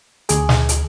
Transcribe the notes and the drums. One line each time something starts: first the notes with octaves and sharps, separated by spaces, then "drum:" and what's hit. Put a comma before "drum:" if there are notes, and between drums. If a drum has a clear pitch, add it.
D2 G#4, drum: hi-hat
drum: snare
drum: hi-hat